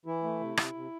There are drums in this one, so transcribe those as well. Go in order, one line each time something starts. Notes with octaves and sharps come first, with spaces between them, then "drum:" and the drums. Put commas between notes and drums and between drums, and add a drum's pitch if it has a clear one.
E3 E4
A3
C3
C3, drum: rim click
C3